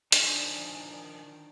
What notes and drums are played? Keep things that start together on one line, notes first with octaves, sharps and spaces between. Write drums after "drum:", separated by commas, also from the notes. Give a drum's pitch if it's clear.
D#3 F3 D4 D5 G#5, drum: hi-hat